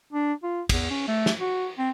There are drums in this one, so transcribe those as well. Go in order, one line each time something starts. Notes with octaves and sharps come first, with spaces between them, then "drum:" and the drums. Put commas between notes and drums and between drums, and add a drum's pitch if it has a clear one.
D4
F4
E2, drum: kick, cymbal
C#4
A3
drum: snare
F#4
C4